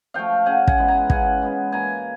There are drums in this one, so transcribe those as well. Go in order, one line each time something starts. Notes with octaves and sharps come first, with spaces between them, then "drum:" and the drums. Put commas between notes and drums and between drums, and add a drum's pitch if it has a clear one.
F3 A3 F5 G5
C#3 F#5 G#5
F#5 G#5, drum: kick
E3 G#3 B3
G#5 A#5
C#3 F#5 G#5, drum: kick
E3 G#3 B3
A#2 G#5 A#5